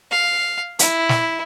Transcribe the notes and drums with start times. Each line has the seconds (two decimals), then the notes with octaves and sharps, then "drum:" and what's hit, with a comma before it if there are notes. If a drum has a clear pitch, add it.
0.11 F5
0.79 E4, drum: hi-hat
1.09 drum: snare